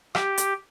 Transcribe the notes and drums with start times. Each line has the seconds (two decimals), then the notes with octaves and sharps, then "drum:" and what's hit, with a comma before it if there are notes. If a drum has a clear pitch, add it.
0.15 G4, drum: rim click
0.38 drum: hi-hat